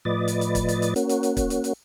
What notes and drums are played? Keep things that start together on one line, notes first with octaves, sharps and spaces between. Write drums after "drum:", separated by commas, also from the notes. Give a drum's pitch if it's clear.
A2 F3 B4 D5 D#5 A6
drum: hi-hat
drum: hi-hat
drum: kick, hi-hat
drum: hi-hat
drum: hi-hat
A#3 C#4 F#4, drum: hi-hat
drum: hi-hat
drum: hi-hat
drum: kick, hi-hat
drum: hi-hat
drum: hi-hat